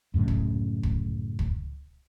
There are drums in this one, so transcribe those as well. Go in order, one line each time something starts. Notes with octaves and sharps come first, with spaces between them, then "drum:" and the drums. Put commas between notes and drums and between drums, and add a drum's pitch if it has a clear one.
F#2 A2 C#3
drum: kick
drum: kick
drum: kick